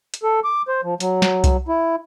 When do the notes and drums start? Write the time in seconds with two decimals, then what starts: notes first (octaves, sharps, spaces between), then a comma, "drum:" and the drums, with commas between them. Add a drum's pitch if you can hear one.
0.14 drum: hi-hat
0.23 A4
0.44 D6
0.68 C5
0.83 F3
1.00 F#3, drum: hi-hat
1.22 drum: snare
1.44 drum: kick C2, hi-hat
1.68 E4